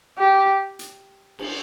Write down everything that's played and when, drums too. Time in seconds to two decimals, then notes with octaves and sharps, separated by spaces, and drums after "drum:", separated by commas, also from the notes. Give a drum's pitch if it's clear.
0.18 G4
0.79 drum: hi-hat
1.39 drum: cymbal